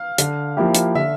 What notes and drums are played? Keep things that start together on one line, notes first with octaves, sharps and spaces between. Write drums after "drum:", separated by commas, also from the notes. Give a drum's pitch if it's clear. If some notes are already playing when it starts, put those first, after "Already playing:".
Already playing: F5
D3, drum: hi-hat
F3 A#3 E4 G4
drum: hi-hat
D3 E5